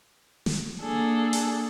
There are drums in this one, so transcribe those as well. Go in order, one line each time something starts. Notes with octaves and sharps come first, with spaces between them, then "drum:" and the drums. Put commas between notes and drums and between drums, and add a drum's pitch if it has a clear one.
drum: snare
A#3 D4 G#4 A4
drum: hi-hat